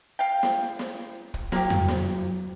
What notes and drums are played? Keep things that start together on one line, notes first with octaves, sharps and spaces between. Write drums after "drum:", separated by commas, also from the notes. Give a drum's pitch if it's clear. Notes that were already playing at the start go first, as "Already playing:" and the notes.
F5 G5
drum: snare
drum: snare
drum: kick
F#3 A#3 G4, drum: snare
drum: tom F2
drum: snare